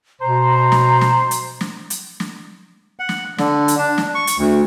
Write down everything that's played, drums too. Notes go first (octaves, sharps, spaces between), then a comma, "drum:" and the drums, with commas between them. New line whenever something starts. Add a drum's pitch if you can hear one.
B2 C5 A#5
drum: snare
drum: snare
drum: hi-hat
drum: snare
drum: hi-hat
drum: snare
F#5
drum: snare
D3, drum: snare
drum: hi-hat
D4
drum: snare
C#6
drum: hi-hat
D2